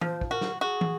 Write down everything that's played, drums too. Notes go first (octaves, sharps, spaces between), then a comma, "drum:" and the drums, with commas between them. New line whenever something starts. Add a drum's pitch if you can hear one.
F3 C5, drum: tom E3
drum: kick
F#4 A#4
drum: snare
F#4 G#4
drum: tom